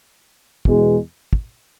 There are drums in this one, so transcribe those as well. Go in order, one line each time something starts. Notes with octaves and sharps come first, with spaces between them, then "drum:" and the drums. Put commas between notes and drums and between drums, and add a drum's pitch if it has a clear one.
E2 B2 G#3, drum: kick
drum: kick